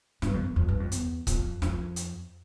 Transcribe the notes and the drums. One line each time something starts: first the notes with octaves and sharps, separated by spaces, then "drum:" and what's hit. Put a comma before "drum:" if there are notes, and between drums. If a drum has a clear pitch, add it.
G2, drum: snare
F2
E2
F2
G2
F2
E2, drum: hi-hat
F2, drum: kick C#1, hi-hat
F2, drum: snare
drum: hi-hat